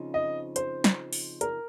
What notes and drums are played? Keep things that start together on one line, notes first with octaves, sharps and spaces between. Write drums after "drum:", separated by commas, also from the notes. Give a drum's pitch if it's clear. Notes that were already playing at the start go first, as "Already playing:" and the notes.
Already playing: C#3 F3 C4 D#4
D#5
C5, drum: hi-hat
drum: snare
drum: open hi-hat
A#4, drum: hi-hat